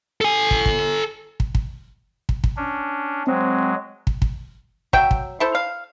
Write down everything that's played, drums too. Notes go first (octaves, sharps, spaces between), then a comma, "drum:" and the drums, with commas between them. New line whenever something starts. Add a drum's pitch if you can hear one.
A4 G#5
drum: kick
drum: kick
drum: kick
drum: kick
drum: kick
drum: kick
C#4 D4
F#3 G#3 C4
drum: kick
drum: kick
F#3 E5 G5, drum: kick
drum: kick
E4 A4 C5
F5